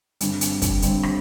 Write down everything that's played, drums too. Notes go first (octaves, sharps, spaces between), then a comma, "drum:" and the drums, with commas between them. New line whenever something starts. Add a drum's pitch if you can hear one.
G1 G2 D3 G3 C4, drum: hi-hat
drum: hi-hat
drum: kick, hi-hat
G1 G2 D3 G3 C4, drum: hi-hat
drum: rim click